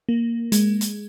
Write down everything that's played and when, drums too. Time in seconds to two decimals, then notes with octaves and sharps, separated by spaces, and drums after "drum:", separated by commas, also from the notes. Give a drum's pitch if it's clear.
0.09 A#3
0.52 G#3, drum: hi-hat
0.81 drum: hi-hat